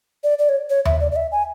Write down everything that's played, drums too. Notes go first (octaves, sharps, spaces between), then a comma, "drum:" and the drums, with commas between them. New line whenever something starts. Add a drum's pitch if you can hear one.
D5
D5
C#5
C#5
E5, drum: tom D#2
D5
D5
E5
G#5